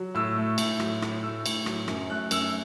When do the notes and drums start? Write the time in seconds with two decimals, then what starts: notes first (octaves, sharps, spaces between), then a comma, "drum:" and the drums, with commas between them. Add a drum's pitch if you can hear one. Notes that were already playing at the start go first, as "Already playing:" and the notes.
Already playing: F#3
0.15 A2 E6
0.37 A3
0.58 A2, drum: cymbal
0.80 F#3, drum: rim click
1.02 A2, drum: rim click
1.23 A3 E6
1.46 A2, drum: cymbal
1.66 F#3, drum: rim click
1.88 F#2, drum: rim click
2.10 A3 F#6
2.31 F#2 E6, drum: cymbal